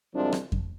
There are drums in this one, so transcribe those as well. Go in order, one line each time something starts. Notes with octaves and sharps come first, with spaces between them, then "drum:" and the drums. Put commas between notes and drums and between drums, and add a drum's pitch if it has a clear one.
C2 C3 F3 G#3 D4
drum: rim click
drum: kick F2